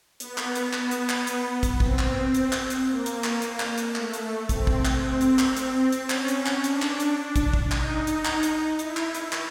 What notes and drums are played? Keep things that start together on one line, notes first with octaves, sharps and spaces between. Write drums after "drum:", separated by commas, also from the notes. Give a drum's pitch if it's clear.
B3, drum: hi-hat
drum: clap
drum: hi-hat
B3, drum: clap
drum: hi-hat
drum: clap
drum: hi-hat
drum: kick, hi-hat
C4, drum: kick
drum: clap
drum: hi-hat
drum: clap
drum: hi-hat
A#3
drum: hi-hat
drum: clap
drum: hi-hat
drum: clap
drum: hi-hat
A3, drum: clap
drum: hi-hat
C4, drum: kick, hi-hat
drum: kick
drum: clap
C4
drum: hi-hat
drum: clap
C4, drum: hi-hat
drum: hi-hat
C#4, drum: clap
drum: hi-hat
drum: clap
D4, drum: hi-hat
drum: clap
drum: hi-hat
drum: kick, hi-hat
drum: kick
D#4, drum: clap
drum: hi-hat
drum: clap
drum: hi-hat
E4, drum: hi-hat
drum: clap
drum: hi-hat
drum: clap